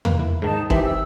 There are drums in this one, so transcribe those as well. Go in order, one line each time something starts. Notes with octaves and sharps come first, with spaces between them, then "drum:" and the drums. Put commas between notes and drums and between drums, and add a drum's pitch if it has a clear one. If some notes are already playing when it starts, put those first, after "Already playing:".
A#3 B4, drum: tom E2
E4
G#2 D#3 D#4 A5
D#3 E3 C4 G4 E5, drum: kick
E6